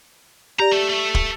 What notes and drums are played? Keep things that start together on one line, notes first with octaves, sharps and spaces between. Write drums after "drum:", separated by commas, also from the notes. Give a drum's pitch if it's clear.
G4 D5 A#5
A3
A3
drum: kick